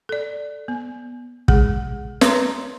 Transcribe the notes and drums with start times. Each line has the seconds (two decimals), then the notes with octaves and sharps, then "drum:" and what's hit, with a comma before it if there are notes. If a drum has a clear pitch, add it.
0.09 A4 D5
0.68 B3
1.48 G#3 G#4, drum: kick
2.21 B4 C#5 A#5 C6, drum: snare